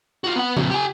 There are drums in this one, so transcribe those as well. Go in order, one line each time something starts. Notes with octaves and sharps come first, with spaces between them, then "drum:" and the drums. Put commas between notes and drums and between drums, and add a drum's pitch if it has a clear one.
F4 F#4
B3 F#5
F2 A#2, drum: tom C#3
G4 G#5